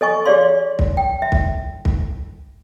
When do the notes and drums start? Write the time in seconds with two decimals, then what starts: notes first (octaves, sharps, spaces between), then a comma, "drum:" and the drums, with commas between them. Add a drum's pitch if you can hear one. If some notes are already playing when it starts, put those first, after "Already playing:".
0.01 A4 D#5 G#5 C#6
0.26 G4 G#4 C#5 D5 F5 C6
0.79 drum: kick
0.97 G5
1.22 E5
1.32 drum: kick
1.85 drum: kick